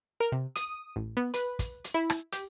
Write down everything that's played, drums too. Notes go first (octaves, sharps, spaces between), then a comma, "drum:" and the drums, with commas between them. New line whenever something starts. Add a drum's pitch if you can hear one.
A#4
C3
D#6, drum: hi-hat
A1
B3
B4, drum: hi-hat
drum: kick, hi-hat
drum: hi-hat
E4
drum: rim click
G4, drum: hi-hat